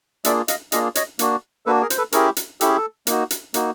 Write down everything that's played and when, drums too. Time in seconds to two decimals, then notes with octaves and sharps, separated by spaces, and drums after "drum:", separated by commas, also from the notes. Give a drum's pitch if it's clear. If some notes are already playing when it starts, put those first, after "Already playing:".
0.25 A#3 D4 F4 G#4 D5 E5, drum: hi-hat
0.48 D#5 F5, drum: hi-hat
0.72 A#3 D4 F4 G#4 D#5 F5, drum: hi-hat
0.95 C#5 D#5, drum: hi-hat
1.19 A#3 D4 F#4, drum: hi-hat
1.66 A#3 D4 F#4 A4 B4
1.82 G#4 A#4
1.90 C5, drum: hi-hat
1.98 A4 B4
2.12 C#4 E4 G4 G#4 A#4, drum: hi-hat
2.37 drum: hi-hat
2.61 C#4 E4 G4 A4, drum: hi-hat
2.69 G#4
2.77 A4
3.07 A#3 D#4 F#4, drum: hi-hat
3.31 drum: hi-hat
3.54 A#3 D#4 F#4, drum: hi-hat